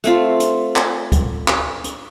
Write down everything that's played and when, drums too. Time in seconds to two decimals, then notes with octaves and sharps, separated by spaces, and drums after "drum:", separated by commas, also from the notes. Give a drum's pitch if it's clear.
0.04 A3 C4 F4, drum: hi-hat
0.40 drum: hi-hat
0.76 drum: clap
1.12 drum: kick D2, hi-hat
1.48 drum: clap
1.84 drum: hi-hat